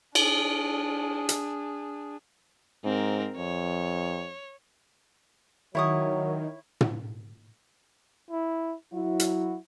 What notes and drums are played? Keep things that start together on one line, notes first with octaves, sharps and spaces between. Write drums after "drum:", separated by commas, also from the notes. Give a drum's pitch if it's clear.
D4 G#4, drum: cymbal
drum: hi-hat
G#2 C4 A#4
F2 C#5
D#3 F#3 E4 C#5 D#6
drum: tom
E4
F#3 E4 F#4
drum: hi-hat